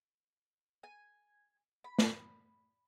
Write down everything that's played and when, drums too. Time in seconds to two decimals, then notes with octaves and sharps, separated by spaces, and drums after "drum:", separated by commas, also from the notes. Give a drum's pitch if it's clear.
0.83 G#5
1.84 B5
1.99 drum: snare